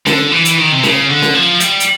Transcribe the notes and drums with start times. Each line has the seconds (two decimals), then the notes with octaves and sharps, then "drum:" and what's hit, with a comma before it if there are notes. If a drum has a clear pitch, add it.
0.06 D3, drum: snare
0.32 E3
0.45 drum: hi-hat
0.58 D#3
0.72 C3
0.83 C#3, drum: snare
1.10 D3
1.22 drum: snare
1.34 F3
1.60 G3, drum: hi-hat
1.80 drum: hi-hat